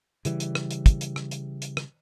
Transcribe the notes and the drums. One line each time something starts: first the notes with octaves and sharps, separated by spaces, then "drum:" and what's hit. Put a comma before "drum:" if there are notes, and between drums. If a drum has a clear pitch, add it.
C#3 E3 G3, drum: hi-hat
drum: hi-hat
drum: rim click
drum: hi-hat
drum: kick, hi-hat
drum: hi-hat
drum: rim click
drum: hi-hat
drum: hi-hat
drum: rim click